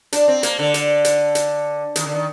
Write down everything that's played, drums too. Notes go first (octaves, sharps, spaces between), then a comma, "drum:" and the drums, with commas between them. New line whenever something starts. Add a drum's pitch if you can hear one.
D4, drum: hi-hat
C4
A#3, drum: hi-hat
D3
drum: hi-hat
drum: hi-hat
drum: hi-hat
D#3, drum: hi-hat
D3
D#3